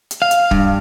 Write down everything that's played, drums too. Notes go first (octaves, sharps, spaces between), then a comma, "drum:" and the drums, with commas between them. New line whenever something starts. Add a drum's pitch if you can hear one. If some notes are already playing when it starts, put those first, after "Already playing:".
drum: hi-hat
F5
drum: hi-hat
G2, drum: kick